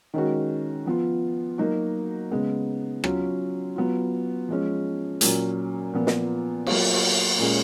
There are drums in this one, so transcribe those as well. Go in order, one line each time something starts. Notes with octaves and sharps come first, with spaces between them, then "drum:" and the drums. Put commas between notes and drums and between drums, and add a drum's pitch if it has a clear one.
D#3 G#3 C#4 F#4
F3 B3 F4
F#3 A#3 D#4 F#4
C#3 G#3 B3
F#3 C#4 F4, drum: rim click
F#3 B3 F4
F3 G#3 C#4
A#2 F#3 C#4, drum: hi-hat
A#2 F3 B3
drum: snare
F#3 A#3 F4, drum: cymbal
drum: cymbal
A#2 G#3 C#4